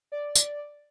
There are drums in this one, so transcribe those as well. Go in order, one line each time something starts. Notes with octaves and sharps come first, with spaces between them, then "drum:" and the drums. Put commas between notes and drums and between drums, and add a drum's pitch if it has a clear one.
D5
drum: tambourine